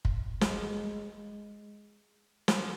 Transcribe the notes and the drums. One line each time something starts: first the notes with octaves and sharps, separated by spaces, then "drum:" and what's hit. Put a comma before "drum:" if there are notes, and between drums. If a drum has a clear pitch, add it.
drum: kick
G#3, drum: snare
drum: snare